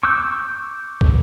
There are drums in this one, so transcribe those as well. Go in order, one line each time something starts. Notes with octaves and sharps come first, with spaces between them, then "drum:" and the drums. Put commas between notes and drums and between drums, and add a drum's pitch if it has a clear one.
C#6 D6 E6 F#6 G6
drum: kick